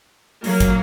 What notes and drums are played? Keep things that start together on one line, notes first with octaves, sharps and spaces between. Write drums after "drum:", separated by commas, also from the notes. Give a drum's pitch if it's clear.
F#3 A#3, drum: open hi-hat
drum: kick, hi-hat